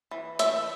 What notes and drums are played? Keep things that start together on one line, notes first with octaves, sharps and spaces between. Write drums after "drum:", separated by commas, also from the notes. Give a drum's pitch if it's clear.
E3
A3 E5, drum: hi-hat